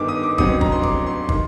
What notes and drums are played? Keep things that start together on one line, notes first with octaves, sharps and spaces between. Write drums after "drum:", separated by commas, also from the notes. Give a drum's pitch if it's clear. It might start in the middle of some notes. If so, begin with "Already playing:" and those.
Already playing: G1 G2 D#3 D6
D#6
D6
A1 G2 F#3 C4 D#6, drum: kick
A#5, drum: kick
C6
D6, drum: kick
C6
D#3 C6, drum: kick